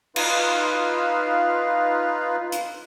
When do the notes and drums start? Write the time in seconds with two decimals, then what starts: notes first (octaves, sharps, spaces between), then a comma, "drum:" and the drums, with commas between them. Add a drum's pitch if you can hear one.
0.16 D#4 F4 B4 F5, drum: cymbal
2.52 drum: hi-hat